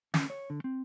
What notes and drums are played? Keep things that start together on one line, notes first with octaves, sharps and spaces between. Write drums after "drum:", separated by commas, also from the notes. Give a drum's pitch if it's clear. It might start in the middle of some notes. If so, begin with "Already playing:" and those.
C#4, drum: snare
C#5
D3
C4